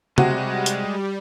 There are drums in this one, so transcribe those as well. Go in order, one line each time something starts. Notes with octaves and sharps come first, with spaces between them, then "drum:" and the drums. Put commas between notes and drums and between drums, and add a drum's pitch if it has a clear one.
C3 G3 G#3 F#4, drum: tom
drum: hi-hat